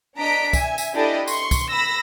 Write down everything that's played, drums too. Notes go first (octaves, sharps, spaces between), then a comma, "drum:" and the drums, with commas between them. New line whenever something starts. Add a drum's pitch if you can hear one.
D4 D#5 A#5 B6 D7
E5 G#5, drum: kick, tambourine
drum: tambourine
D4 E4 G4 A4 D5 D#5
C6 C#6, drum: tambourine
drum: kick, tambourine
B5 E6 A#6